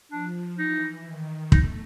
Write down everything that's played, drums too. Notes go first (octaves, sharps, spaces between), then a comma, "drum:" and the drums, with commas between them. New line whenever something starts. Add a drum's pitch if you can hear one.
F3 D4
E3 D#4
D#3
A3 D#4, drum: kick